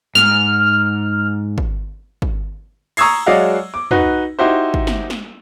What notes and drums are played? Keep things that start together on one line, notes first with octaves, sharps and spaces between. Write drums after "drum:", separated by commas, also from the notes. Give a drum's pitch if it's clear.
G#2 F6, drum: snare
drum: kick
drum: kick
A#5 C#6 D#6 E6 G#6 C7, drum: cymbal
F#3 G#3 D5 D#5 F5 F#5
D6
D#4 F#4 B4, drum: tom
D#4 E4 F#4 G4 C5
drum: kick
drum: snare
drum: snare